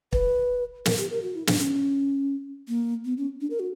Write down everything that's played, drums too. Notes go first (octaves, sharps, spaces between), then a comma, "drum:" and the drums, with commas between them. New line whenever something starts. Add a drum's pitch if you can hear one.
B4, drum: kick
A#4, drum: snare
G4
A#4
F#4
E4
D4, drum: snare
C#4
A#3
B3
C#4
D4
A#4
F#4